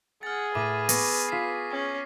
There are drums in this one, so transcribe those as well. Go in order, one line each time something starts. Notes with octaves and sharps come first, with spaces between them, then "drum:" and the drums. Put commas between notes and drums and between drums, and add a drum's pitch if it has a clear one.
G#4 F#5 F6 A6
A2 B4 D6 D#7
B3 C#6 A#6, drum: open hi-hat
F4 B6 C7 E7
C#4